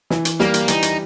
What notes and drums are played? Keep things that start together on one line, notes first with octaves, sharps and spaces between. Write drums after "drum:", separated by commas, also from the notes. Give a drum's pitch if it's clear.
E3, drum: snare
drum: hi-hat
G3 A#3, drum: snare
drum: hi-hat
E3 D#4, drum: hi-hat
drum: hi-hat